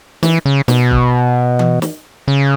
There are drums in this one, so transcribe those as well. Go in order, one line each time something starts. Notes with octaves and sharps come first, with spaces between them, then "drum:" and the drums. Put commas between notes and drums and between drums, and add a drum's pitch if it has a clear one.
E3, drum: snare
C#3
B2, drum: snare
drum: kick
drum: tom E3
drum: snare
C#3